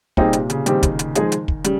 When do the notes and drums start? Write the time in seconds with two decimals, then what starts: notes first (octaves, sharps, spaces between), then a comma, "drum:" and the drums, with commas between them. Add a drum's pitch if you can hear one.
0.17 A#2 G3 C4 D#4 G#4, drum: kick
0.33 C3, drum: hi-hat
0.50 C#3, drum: hi-hat
0.66 D#3 G3 C4 G4, drum: hi-hat
0.83 drum: kick, hi-hat
0.99 drum: hi-hat
1.15 F3 G#3 D#4 G#4, drum: hi-hat
1.32 drum: hi-hat
1.48 drum: kick
1.64 C#3 G3, drum: hi-hat